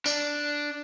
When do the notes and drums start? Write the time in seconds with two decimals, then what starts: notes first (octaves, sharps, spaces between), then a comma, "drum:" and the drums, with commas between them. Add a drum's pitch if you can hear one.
0.06 D4, drum: tambourine